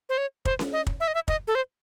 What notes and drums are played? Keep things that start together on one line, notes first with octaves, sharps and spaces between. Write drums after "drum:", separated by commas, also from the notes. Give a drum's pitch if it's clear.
C5
C#5
C5, drum: kick
drum: snare C#4
D#5
drum: kick
E5
D#5
E5
D#5, drum: kick
A4
C5